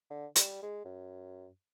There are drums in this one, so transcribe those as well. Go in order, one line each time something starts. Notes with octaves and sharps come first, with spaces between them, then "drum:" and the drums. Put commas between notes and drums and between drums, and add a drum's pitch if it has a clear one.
D3
G3, drum: hi-hat
G#3
F#2